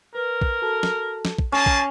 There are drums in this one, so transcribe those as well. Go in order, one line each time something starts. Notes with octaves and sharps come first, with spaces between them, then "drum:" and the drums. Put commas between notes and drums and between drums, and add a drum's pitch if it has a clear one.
A#4 B4
drum: kick
F#4 A4 A5
drum: snare
drum: snare
drum: kick
A#3 C#4 G#4 A5 C#6
drum: kick